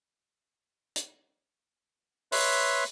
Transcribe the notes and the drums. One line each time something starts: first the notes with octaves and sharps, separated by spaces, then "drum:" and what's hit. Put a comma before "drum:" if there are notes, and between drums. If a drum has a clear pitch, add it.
drum: hi-hat
B4 C#5 E5 C6, drum: open hi-hat